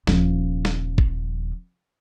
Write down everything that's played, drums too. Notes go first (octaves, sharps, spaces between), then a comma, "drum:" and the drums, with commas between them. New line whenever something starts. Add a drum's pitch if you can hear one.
D#1 F3, drum: snare
drum: snare
drum: kick